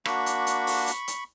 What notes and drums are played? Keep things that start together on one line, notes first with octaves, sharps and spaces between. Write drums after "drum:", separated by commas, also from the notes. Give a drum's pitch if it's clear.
A#3 D4 F#4 B5 C#6, drum: rim click
drum: hi-hat
drum: hi-hat
drum: open hi-hat
drum: hi-hat
drum: hi-hat